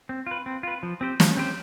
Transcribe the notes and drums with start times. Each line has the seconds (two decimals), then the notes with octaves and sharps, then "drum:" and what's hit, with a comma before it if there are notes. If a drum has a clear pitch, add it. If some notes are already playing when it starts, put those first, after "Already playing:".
0.09 C4
0.27 F4 B4
0.46 C4
0.63 F4 B4
0.83 F3
1.01 C4 G4 C5
1.20 F3, drum: snare
1.37 C4 G4 C5